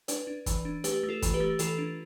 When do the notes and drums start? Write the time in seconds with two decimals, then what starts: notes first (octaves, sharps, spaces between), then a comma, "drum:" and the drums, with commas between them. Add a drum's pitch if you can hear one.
0.08 D4 B4 D5, drum: hi-hat
0.27 D4
0.46 E3, drum: kick, hi-hat
0.65 D4
0.84 A3 G4 B4, drum: hi-hat
1.03 A3
1.09 F4 A4
1.22 E3, drum: kick, hi-hat
1.34 G4 B4
1.40 A3
1.59 E3 F4 A4, drum: hi-hat
1.78 D4